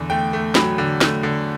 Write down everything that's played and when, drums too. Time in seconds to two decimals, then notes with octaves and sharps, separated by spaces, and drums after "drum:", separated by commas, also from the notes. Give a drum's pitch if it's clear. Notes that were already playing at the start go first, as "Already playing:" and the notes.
Already playing: E2 D3
0.10 A3 G5
0.33 A3
0.55 F#3 B5, drum: snare
0.78 D3
1.01 A3, drum: snare
1.23 D3